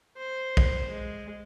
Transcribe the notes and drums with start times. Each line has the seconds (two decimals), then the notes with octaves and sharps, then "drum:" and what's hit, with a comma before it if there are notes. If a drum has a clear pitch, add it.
0.17 C5
0.57 drum: kick
0.90 G#3